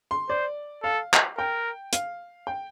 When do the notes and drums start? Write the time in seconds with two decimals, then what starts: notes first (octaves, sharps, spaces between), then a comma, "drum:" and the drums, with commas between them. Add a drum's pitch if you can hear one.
0.11 C6
0.29 C5 D5
0.83 A4 F5
1.14 drum: clap
1.38 A#4 G5
1.93 F5, drum: hi-hat
2.47 G5